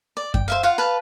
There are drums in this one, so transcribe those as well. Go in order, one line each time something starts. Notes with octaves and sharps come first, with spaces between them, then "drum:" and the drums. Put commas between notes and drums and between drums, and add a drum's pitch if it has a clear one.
D5
G5, drum: kick F#2
C5 E5 F5
F4 F5 F#5
B4 F5 A5